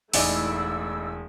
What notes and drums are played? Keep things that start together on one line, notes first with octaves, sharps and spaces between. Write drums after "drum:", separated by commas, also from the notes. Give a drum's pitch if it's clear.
E1 A1 A3 D#4 E4 D5 G#5 E6, drum: open hi-hat